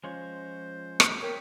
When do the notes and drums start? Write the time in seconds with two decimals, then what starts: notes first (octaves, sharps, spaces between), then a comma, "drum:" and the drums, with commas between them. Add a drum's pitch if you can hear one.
0.04 F3 G#3 C#4 F4 C5 C#5
1.00 drum: rim click
1.21 A#4 C#5 G5 B6